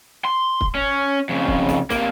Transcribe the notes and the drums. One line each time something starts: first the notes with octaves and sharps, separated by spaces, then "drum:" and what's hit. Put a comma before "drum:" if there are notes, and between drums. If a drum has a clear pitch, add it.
C6
drum: kick
C#4
F2 C#3
drum: kick
drum: snare
C3 A#3, drum: snare